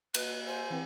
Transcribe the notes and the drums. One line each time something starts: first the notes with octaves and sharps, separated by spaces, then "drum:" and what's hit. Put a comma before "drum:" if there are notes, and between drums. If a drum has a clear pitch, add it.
A#3 F#4 B4 D#5, drum: cymbal
C5 G#5
E3 C4